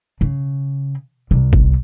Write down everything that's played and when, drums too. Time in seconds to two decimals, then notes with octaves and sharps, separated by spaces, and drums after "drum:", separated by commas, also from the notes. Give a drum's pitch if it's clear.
0.21 C#3
1.31 C2
1.53 drum: kick G1